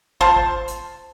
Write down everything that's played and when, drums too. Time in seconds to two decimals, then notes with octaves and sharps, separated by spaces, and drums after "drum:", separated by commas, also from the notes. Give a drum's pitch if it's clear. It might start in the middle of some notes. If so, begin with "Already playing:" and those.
0.21 F4 C5 A5, drum: kick
0.36 drum: kick
0.68 drum: hi-hat